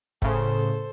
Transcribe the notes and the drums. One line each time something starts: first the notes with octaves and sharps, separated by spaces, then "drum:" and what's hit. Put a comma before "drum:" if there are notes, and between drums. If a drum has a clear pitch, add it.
A2 C#3 A4 C5, drum: kick